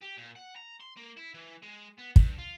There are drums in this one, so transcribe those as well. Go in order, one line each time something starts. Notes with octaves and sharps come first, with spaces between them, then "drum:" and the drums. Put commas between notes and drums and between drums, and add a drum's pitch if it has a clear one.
G4
A#2
F#5
A#5
C6
A#3
E4
E3
G#3
B3
G2, drum: kick
F4